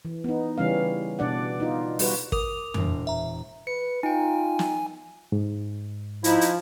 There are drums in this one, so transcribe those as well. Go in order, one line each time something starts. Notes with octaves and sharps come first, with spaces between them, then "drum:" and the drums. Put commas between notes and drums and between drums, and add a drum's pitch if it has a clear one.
E3
B3 D#4
C#3 E3 G3 C#4 F5
B2 D4 D5 F#5
D#4 F4
G3 F#4 B4, drum: open hi-hat
A#4 D6 D#6 F7, drum: kick
E1 A#2, drum: tom F2
E5 A#5
B4 C#7
D#4 F4 G5 G#5
drum: snare
G#2
F3 D#4 E4, drum: hi-hat
drum: hi-hat